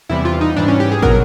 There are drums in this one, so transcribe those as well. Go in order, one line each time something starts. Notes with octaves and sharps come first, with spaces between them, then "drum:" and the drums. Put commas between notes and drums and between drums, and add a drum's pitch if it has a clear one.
E2 C3 E3 G3 E4
F4
D#4
G#2 E3 G3 D4
C#4
G4
G#4
B2 F#3 A#4, drum: kick